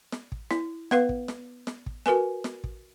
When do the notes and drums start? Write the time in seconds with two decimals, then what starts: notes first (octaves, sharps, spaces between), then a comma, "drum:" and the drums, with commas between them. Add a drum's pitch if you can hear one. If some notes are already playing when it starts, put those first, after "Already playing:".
0.12 drum: snare
0.32 drum: kick
0.51 E4, drum: snare
0.91 B3 B4 F5, drum: snare
1.09 drum: kick
1.28 drum: snare
1.67 drum: snare
1.86 drum: kick
2.06 F#4 A#4 B4 G#5, drum: snare
2.44 drum: snare
2.64 drum: kick